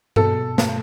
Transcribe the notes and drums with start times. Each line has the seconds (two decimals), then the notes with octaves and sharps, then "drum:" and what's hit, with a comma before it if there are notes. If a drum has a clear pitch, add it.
0.16 B2 A4, drum: tom G2
0.58 A3, drum: snare